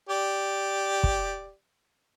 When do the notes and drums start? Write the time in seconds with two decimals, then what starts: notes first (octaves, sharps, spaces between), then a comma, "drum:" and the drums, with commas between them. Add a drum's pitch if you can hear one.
0.09 G4 D5
1.03 drum: kick